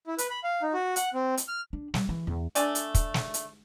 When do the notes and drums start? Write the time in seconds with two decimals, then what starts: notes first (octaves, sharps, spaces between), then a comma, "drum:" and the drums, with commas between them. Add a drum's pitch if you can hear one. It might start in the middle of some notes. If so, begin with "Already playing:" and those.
0.07 E4
0.18 B4, drum: hi-hat
0.30 B5
0.44 F5
0.62 D#4
0.74 F#4
0.96 F#5, drum: hi-hat
1.14 C4
1.37 drum: hi-hat
1.48 F6
1.73 D4
1.94 G3, drum: snare
2.09 E3
2.27 E2
2.55 A3 D4 D5 G#5, drum: hi-hat
2.75 drum: hi-hat
2.95 drum: kick, hi-hat
3.14 drum: snare
3.34 drum: hi-hat